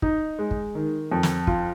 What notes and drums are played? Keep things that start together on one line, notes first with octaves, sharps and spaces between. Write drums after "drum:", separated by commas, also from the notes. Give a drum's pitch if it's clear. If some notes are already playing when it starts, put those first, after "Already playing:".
D#4, drum: kick
G#3
drum: kick
D#3
F2
drum: snare
F4, drum: kick